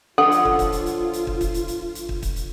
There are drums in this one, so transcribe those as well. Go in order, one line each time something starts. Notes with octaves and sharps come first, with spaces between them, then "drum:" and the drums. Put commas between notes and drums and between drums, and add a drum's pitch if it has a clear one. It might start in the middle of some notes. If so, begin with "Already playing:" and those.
D3 F3 F4 A4 C#5 F#5
drum: hi-hat
drum: kick
drum: kick, hi-hat
drum: hi-hat
drum: hi-hat
drum: hi-hat
drum: kick
drum: kick, hi-hat
drum: hi-hat
drum: hi-hat
drum: hi-hat
drum: kick
drum: kick, hi-hat
drum: hi-hat